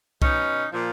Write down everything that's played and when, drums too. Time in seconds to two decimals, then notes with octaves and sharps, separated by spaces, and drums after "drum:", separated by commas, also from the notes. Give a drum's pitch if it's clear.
0.22 B2 C#4 D#4, drum: kick C2
0.72 A#2 F3